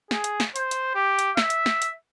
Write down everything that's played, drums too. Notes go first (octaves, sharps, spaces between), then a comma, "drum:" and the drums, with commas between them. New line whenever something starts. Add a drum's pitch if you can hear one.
G#4, drum: snare
drum: hi-hat
drum: snare
C5, drum: hi-hat
drum: hi-hat
G4
drum: hi-hat
E5, drum: snare
drum: hi-hat
drum: snare
drum: hi-hat